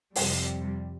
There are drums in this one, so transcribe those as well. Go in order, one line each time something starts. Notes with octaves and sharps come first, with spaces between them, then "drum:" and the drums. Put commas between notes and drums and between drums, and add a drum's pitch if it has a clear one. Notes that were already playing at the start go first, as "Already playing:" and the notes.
F2 C3 G3, drum: open hi-hat